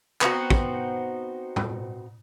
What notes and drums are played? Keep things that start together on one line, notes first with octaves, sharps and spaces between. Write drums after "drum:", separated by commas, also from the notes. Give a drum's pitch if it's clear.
B3 C4 D#4 F#4, drum: clap
drum: kick
drum: tom